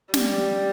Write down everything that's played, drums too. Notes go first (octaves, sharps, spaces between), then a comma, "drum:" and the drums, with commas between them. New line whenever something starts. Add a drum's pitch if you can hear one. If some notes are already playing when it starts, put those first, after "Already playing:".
G3, drum: snare